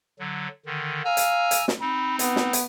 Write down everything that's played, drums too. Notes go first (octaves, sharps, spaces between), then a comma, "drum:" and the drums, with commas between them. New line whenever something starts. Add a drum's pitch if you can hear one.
D3 F#3
D3 D#3
F5 G#5 A#5 E6
drum: hi-hat
drum: hi-hat
drum: snare
C4 D#4 B5
B3, drum: hi-hat
drum: snare
drum: hi-hat